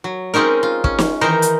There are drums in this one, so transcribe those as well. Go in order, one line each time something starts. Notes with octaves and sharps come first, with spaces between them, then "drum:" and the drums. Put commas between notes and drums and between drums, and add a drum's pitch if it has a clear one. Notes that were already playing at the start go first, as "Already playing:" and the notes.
F#3
G#3 C4 C#4 D#4 A#4
F4
C#4, drum: kick
drum: snare
D#3 E3 D#4 A#4 C5
drum: hi-hat